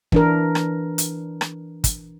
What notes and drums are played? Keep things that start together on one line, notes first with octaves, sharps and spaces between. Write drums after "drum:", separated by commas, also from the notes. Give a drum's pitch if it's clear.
E3 D4 A#4, drum: kick
drum: rim click
drum: hi-hat
drum: rim click
drum: kick, hi-hat